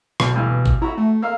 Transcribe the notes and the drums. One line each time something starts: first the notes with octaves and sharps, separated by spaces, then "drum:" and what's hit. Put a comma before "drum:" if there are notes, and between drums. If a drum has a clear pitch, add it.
B1 B2, drum: rim click
D2 G2 E3
drum: kick
E4 F#4 A#5
A3
A#3 F5 E6